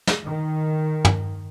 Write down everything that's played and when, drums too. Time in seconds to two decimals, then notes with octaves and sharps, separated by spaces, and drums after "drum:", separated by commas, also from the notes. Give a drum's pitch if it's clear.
0.07 drum: snare
0.24 D#3
1.05 drum: tom